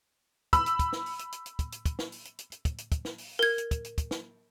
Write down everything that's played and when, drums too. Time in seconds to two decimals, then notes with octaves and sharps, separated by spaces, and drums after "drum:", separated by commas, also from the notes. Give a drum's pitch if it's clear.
0.53 B5 E6, drum: kick, hi-hat
0.66 drum: hi-hat
0.79 drum: kick, hi-hat
0.93 drum: snare
1.06 drum: open hi-hat
1.19 drum: hi-hat
1.32 drum: hi-hat
1.46 drum: hi-hat
1.59 drum: kick, hi-hat
1.72 drum: hi-hat
1.86 drum: kick, hi-hat
1.99 drum: snare
2.12 drum: open hi-hat
2.25 drum: hi-hat
2.39 drum: hi-hat
2.52 drum: hi-hat
2.65 drum: kick, hi-hat
2.78 drum: hi-hat
2.92 drum: kick, hi-hat
3.05 drum: snare
3.18 drum: open hi-hat
3.39 A#4 G#6
3.58 drum: hi-hat
3.71 drum: kick, hi-hat
3.84 drum: hi-hat
3.98 drum: kick, hi-hat
4.11 drum: snare